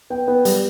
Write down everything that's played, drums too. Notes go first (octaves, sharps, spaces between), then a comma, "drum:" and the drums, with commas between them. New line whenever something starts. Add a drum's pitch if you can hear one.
B3 G5
B3
G3, drum: hi-hat